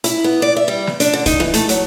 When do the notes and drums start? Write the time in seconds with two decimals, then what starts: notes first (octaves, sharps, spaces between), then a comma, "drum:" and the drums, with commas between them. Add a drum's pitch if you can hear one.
0.04 E4, drum: hi-hat
0.24 B3
0.42 D5
0.56 E5
0.68 G3
0.87 drum: snare
1.00 D4, drum: hi-hat
1.13 D3
1.26 D#4, drum: kick C2, hi-hat
1.40 E3, drum: snare
1.54 A3, drum: hi-hat
1.69 F#3, drum: hi-hat